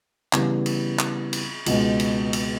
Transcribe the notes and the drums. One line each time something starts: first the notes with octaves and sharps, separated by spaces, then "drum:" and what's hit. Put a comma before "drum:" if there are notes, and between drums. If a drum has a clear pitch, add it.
C#3 E3 G3 B3, drum: clap
drum: cymbal
drum: clap
drum: cymbal
C#2 B2 G#3, drum: cymbal
drum: cymbal
drum: cymbal